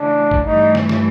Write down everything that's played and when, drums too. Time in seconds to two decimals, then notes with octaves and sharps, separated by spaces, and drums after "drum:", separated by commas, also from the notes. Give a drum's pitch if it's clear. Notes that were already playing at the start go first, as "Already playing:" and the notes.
Already playing: C#3 E3 A3 D4
0.31 drum: kick
0.46 G2 E3 A3 D#4
0.75 drum: snare
0.89 drum: snare